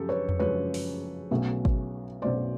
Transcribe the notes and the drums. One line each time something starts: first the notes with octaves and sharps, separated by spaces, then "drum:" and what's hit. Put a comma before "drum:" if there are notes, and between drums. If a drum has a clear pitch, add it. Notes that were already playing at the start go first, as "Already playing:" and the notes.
Already playing: F#2 C#3 F3 G4 A4
B4 C#5
drum: tom E2
F#2 C#3 F3 G#3 B4 C#5
drum: open hi-hat
B1 B2 F#3 A3 C#4
drum: kick
B1 B2 F#3 A3 C#4 C5 D5